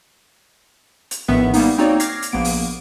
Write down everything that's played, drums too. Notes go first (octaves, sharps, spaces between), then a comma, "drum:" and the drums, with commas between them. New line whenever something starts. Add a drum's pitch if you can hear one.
drum: hi-hat
A#1 A2 D#3 B3 B4 E5
G3 A#3 B3 D#4, drum: open hi-hat
A#3 C4 D#4 F#4 C#5 D5
D6 F6 G#6 A#6 C7, drum: hi-hat
drum: hi-hat
A#1 A#3 B3 D7
drum: open hi-hat